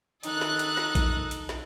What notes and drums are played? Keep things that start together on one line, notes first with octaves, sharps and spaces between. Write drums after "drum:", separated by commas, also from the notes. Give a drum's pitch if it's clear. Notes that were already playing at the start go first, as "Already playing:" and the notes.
D#3 D#4 A4 F#6, drum: hi-hat
drum: snare
drum: hi-hat
drum: snare
drum: kick A#1, hi-hat
drum: hi-hat
drum: snare